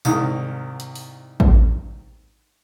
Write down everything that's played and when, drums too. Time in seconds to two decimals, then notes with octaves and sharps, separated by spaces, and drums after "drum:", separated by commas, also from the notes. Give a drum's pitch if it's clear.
0.05 C2 G#2 D#3 D#6, drum: tambourine
0.80 drum: hi-hat
0.95 drum: open hi-hat
1.40 drum: kick A1